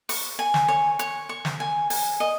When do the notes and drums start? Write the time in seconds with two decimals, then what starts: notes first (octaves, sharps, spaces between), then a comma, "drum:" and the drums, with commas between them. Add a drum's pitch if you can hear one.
0.09 C#6, drum: open hi-hat
0.39 G#5
0.54 drum: snare
0.68 C#5
0.99 C#5, drum: hi-hat
1.29 C#6
1.45 drum: snare
1.60 G#5
1.90 G#5, drum: open hi-hat
2.20 D#5